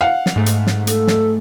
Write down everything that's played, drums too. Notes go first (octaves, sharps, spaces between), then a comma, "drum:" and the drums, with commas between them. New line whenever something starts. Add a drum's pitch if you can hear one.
F5 F#5
drum: snare
G#2 A3
drum: hi-hat
drum: snare
A4, drum: hi-hat
drum: snare